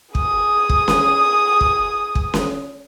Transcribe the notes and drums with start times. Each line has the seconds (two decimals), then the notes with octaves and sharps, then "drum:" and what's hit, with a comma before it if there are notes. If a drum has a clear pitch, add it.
0.15 G#4 D#6, drum: kick
0.69 drum: kick
0.88 drum: snare C#4
1.61 drum: kick
2.15 drum: kick
2.34 drum: snare C#4